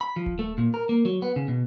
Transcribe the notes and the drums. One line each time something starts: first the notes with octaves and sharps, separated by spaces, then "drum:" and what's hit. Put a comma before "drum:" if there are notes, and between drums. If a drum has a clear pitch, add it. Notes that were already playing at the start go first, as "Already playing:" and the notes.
B5
F3
drum: kick D#1
A3
A#2
A#4
A#3
F#3
B3
C#3
B2